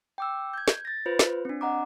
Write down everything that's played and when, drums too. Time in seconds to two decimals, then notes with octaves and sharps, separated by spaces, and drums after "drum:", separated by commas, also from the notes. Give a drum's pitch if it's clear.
0.18 G5 D6 E6
0.54 G6 G#6
0.68 drum: snare
0.85 A6 A#6
1.06 F4 B4 C5
1.19 drum: snare
1.45 C4 D4
1.61 D#5 F#5 A#5 D6